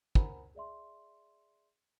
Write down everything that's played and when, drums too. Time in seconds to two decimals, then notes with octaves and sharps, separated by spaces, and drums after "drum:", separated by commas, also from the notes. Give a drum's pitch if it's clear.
0.15 A#4 C5 F#5 G#5 A#5 B5, drum: kick
0.55 G#4 D5 E5 C6